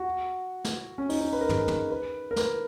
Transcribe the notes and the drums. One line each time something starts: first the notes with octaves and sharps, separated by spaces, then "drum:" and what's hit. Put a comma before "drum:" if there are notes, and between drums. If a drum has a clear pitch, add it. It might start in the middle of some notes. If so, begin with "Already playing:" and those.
Already playing: F#4
drum: snare
C#4
D#4, drum: open hi-hat
D#4
B4
A#4
G#4, drum: tom
A#4
drum: tom
B4
A#4
B4, drum: snare